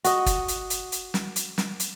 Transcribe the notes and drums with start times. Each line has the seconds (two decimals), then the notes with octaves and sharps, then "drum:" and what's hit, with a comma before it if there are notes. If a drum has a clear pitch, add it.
0.04 F#4 D#5, drum: hi-hat
0.26 drum: kick, hi-hat
0.48 drum: hi-hat
0.70 drum: hi-hat
0.92 drum: hi-hat
1.14 drum: snare
1.36 drum: hi-hat
1.58 drum: snare
1.80 drum: hi-hat